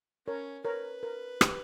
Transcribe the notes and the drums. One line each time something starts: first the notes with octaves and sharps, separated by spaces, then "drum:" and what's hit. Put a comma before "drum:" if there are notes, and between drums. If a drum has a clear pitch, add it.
C#4 A#4 C#5
A#4 B4 C#5
A#4
G4, drum: rim click